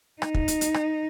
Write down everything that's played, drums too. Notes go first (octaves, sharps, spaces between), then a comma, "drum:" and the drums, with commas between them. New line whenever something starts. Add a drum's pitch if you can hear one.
D#4, drum: rim click
drum: kick
drum: hi-hat
drum: hi-hat
drum: rim click